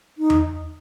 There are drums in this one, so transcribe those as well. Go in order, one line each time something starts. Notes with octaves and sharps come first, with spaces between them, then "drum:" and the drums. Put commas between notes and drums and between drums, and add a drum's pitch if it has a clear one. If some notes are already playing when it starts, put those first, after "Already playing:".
D#4
drum: tom E2